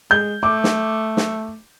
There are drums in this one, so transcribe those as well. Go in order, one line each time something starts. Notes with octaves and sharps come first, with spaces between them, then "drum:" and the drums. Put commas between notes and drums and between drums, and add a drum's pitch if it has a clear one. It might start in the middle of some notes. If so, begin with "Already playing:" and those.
G#3 G6
A3 D6
drum: snare
drum: snare